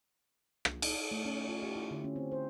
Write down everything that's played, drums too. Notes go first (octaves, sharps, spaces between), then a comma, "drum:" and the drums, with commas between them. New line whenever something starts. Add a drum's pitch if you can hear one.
drum: rim click
drum: cymbal
A3
C#4
F4
G4
E4
D3
C#4
C4
C5